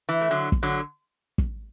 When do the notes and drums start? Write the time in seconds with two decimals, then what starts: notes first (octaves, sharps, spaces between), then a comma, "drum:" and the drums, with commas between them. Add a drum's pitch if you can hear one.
0.09 E3
0.21 A3
0.31 D3 F#3
0.52 drum: kick
0.63 D3 F#3
1.38 drum: kick